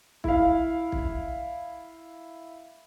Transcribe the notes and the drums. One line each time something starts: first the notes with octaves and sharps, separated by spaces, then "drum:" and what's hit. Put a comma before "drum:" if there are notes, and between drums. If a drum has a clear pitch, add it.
E4 F5, drum: kick
drum: kick